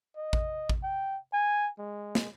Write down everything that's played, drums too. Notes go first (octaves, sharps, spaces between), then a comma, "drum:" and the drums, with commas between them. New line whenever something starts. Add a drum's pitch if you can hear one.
D#5
drum: kick A1
drum: kick A1
G5
G#5
G#3
drum: snare